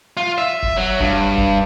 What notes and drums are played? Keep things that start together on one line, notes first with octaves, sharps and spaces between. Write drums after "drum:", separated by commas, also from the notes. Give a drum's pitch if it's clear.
F4
E5
drum: kick
F#3
G2, drum: kick
drum: kick